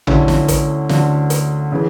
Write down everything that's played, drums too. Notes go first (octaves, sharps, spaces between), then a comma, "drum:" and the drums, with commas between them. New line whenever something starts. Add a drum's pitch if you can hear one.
D2 D3 C#4 E4, drum: tom
drum: snare
drum: kick, hi-hat
D2 D3, drum: snare
drum: hi-hat
C#3 E3